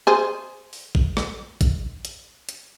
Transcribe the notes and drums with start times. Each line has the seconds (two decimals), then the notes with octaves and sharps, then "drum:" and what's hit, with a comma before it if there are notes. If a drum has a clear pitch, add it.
0.07 G#4 C5
0.73 drum: open hi-hat
0.95 drum: kick A1
1.17 drum: rim click
1.61 drum: kick A1, hi-hat
2.05 drum: hi-hat
2.49 drum: hi-hat